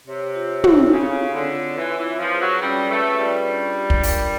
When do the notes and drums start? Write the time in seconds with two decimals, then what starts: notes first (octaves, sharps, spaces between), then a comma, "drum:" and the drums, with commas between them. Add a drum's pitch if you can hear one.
0.07 C3 C#5
0.35 F4
0.64 A4, drum: tom
0.91 C#3 C4
1.20 C#5
1.34 D3
1.48 F4
1.76 E3 B4
1.98 E3
2.05 F4
2.19 F3
2.33 G#4
2.40 F#3
2.62 G3 C#4
2.90 A3 B4
3.19 G3 F4
3.47 D4
3.75 G4
3.90 drum: kick
4.03 A#4, drum: open hi-hat